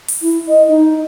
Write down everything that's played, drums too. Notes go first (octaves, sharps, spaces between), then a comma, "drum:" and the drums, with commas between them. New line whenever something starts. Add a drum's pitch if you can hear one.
drum: open hi-hat
E4
D#5
D#4